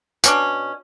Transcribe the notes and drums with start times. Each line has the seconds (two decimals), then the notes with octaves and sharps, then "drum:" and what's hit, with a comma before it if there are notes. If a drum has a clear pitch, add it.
0.24 B2 C#4 D4, drum: tambourine